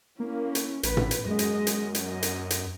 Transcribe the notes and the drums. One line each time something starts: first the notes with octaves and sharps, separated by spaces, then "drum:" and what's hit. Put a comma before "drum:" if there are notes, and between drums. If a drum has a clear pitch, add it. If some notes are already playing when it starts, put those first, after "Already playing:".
A#3 C#4 E4
drum: hi-hat
A1 B4, drum: hi-hat
drum: tom
drum: hi-hat
F#2 G#3 D#5
drum: hi-hat
drum: hi-hat
drum: hi-hat
D#5
drum: hi-hat
drum: hi-hat